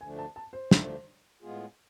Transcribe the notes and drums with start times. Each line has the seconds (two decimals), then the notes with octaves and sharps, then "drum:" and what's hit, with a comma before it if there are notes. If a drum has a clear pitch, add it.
0.01 D2 D3 F3 A3 D4 G#5
0.19 A5
0.36 A5
0.53 C5
0.71 D2 D3 F3 A3 D4, drum: snare
1.42 A2 G#3 B3 F4 G#4